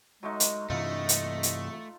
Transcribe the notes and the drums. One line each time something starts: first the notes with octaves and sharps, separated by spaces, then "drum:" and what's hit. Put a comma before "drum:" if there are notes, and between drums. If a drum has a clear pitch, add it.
F#3 G#3 A3 D#4
drum: hi-hat
G2 C3 E3 A3 F4 D#5 B5
drum: hi-hat
drum: hi-hat